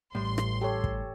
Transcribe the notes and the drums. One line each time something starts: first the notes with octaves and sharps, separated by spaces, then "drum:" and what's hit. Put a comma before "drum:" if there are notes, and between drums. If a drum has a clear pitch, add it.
A1 A2 G3 C6
drum: rim click
G4 A4 C#5
drum: kick